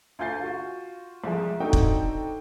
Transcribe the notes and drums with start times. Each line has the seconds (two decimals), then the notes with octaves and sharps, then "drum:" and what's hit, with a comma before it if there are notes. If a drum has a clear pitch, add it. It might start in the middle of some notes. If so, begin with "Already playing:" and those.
0.19 D2 F4 G#5 G6 A6 C7
0.40 F4 F#4
1.24 C2 F3 G#3
1.60 C4 D4 D#4 F#4 A4 G5
1.73 drum: kick